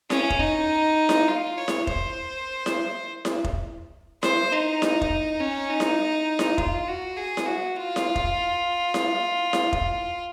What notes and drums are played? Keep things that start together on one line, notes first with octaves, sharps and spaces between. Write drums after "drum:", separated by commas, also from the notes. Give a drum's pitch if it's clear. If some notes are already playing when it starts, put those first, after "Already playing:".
C#4, drum: snare E4
drum: kick F1
D#4
drum: snare E4
F4
C#5
drum: snare E4
C5, drum: kick F1
drum: snare E4
drum: snare E4
drum: kick F1
C5, drum: snare E4
D#4
drum: snare E4
drum: kick F1
C#4
D#4
drum: snare E4
drum: snare E4
F4, drum: kick F1
F#4
G#4
drum: snare E4
F#4
F4
drum: snare E4
drum: kick F1
drum: snare E4
drum: snare E4
drum: kick F1